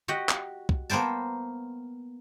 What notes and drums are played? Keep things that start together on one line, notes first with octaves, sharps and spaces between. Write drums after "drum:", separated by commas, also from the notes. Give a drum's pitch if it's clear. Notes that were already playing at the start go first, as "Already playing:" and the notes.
F#4 G4 D#5 F#5
drum: clap
drum: kick
A#3 B3 C5 G5 A5, drum: tambourine